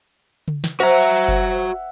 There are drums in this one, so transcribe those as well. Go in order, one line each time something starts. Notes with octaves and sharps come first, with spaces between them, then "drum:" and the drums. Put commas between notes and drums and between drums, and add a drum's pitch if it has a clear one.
drum: tom C#3
drum: snare
F#4 C5 E5 F#5 A#5
drum: kick F#1